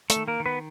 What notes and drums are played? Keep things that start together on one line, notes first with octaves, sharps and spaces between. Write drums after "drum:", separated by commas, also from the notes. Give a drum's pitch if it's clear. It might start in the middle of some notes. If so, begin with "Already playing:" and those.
A3 A4, drum: hi-hat
D#3
A#3 A#4
D#3
B3 B4